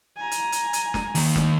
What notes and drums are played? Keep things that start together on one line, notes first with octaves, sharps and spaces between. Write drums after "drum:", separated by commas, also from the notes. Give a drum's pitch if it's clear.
G#5 A#5
drum: hi-hat
drum: hi-hat
drum: hi-hat
drum: snare
D#2 D#3, drum: open hi-hat
drum: snare